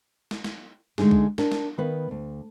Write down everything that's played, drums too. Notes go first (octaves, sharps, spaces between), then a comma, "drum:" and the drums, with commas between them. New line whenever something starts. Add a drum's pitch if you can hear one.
drum: snare
drum: snare
D3 G#3 A3 D#4 G#4, drum: snare
drum: kick C2
D4 A#4, drum: snare
drum: snare
D#3 B3 B4 F5
D2